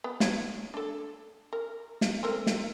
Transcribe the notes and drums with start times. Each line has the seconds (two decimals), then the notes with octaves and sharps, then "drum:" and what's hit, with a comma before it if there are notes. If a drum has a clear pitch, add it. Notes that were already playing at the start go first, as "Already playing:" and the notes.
0.04 B3
0.20 C#5 F#5, drum: snare
0.74 D4 A4
1.53 A#4
2.01 drum: snare
2.23 C4 A4 A#4
2.47 drum: snare